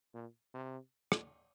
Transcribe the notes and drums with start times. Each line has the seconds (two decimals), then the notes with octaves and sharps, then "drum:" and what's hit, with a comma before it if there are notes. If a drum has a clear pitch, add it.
0.14 A#2
0.54 C3
1.12 drum: rim click